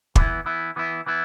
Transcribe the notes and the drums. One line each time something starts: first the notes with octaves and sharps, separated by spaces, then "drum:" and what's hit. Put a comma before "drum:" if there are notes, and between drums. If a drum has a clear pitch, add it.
E3 B3 E4, drum: kick
E3 B3 E4
E3 B3 E4
E3 B3 E4